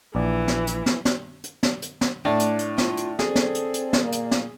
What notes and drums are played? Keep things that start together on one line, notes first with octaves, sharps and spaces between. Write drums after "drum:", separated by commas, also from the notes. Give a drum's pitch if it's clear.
A#1 E3 D5
drum: snare
drum: hi-hat
drum: snare
drum: snare
drum: hi-hat
drum: snare
drum: hi-hat
drum: snare
A2 A3 D4
drum: hi-hat
drum: hi-hat
F4, drum: snare
drum: hi-hat
C4 G#4 A4 D5, drum: snare
drum: snare
drum: hi-hat
drum: hi-hat
drum: snare
A#2 A#3
drum: hi-hat
drum: snare